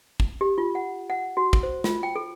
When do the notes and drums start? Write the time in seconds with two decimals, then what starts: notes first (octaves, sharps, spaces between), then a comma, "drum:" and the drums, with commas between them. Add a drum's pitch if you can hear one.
0.20 drum: kick
0.41 G4
0.58 F4
0.75 F#5
1.10 F#5
1.37 F#4
1.53 drum: kick
1.63 C5
1.84 F4, drum: snare
2.03 G5
2.16 A4